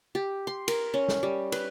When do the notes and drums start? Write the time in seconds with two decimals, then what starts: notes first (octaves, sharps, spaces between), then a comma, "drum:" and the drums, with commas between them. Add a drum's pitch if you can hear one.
0.15 G4
0.47 C6
0.68 A#4, drum: cymbal
0.94 C#4
1.08 drum: snare
1.23 G3
1.52 B4, drum: cymbal